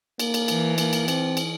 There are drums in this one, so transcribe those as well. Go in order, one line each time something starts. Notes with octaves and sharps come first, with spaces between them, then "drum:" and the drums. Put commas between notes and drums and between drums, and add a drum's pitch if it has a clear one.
A#3, drum: cymbal
drum: cymbal
E3, drum: cymbal
A#3, drum: cymbal
drum: cymbal
C4, drum: cymbal
drum: cymbal